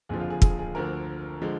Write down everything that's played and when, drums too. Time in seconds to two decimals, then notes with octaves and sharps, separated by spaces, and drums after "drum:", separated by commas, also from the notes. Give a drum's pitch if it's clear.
0.09 F#1 F2 D3 F3 G#4
0.20 F4
0.30 G#4
0.42 G#4, drum: kick
0.59 G#4
0.75 D2 D3 F3 A#4
1.42 D3 F3 G#3